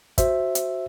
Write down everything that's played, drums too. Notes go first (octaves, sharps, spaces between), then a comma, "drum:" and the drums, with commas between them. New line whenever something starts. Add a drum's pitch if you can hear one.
F#4 C5 E5, drum: kick, hi-hat
drum: hi-hat